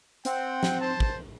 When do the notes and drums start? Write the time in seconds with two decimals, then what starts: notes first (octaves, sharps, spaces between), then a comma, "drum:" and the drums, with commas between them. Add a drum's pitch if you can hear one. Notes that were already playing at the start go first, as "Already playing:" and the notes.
0.25 C4 F#5 G5, drum: hi-hat
0.63 drum: snare
0.80 C5 A5
1.00 drum: kick